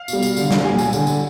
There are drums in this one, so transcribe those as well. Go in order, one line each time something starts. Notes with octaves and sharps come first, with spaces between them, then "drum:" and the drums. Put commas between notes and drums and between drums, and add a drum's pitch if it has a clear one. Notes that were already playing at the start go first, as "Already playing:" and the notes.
Already playing: F5
B2 G3, drum: tambourine
drum: tambourine
D3 G3, drum: tambourine
drum: snare
A#2 G3 G#5
G#5, drum: tambourine
D3 G3, drum: tambourine
drum: tambourine